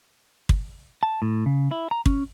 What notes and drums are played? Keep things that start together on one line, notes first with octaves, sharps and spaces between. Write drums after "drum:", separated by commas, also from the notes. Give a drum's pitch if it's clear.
drum: kick
A5
A2
C#3
E4
A#5
C#4, drum: kick